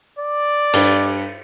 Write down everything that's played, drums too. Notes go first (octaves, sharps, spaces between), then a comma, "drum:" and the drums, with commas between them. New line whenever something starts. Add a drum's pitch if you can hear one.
D5
G2, drum: cymbal